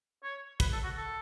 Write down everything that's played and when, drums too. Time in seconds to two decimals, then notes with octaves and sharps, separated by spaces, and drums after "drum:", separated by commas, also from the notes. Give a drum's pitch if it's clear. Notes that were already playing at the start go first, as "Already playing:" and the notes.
0.24 C#5
0.60 B4, drum: kick, hi-hat
0.73 A4
0.84 F#4
0.97 A4